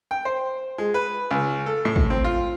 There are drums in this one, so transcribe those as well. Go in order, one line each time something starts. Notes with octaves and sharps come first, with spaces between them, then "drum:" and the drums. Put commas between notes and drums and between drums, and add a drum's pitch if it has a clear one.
G5
C5
G#3
B4
C#2
A4
A2
drum: kick
C4
F4